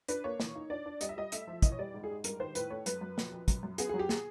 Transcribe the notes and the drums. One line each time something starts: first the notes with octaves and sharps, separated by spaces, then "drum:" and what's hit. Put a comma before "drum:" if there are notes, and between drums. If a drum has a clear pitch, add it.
D4 B4, drum: hi-hat
A#3 C#5
E3, drum: snare
D#4
D4 D5
D4
G3 D#5, drum: hi-hat
E5
G3 D#5
A3 E5, drum: hi-hat
F3
E3 D#5, drum: kick, hi-hat
C#5
G3 D5
G#2
G#4
G#2
G2 A#4, drum: hi-hat
D#3 C5
A2 B4, drum: hi-hat
A3 C#5
F#2 B4, drum: hi-hat
F#2
F2, drum: snare
F2
F#2, drum: kick, hi-hat
F#2
B3 G#4, drum: hi-hat
F#3 G#4
G4
G#4, drum: snare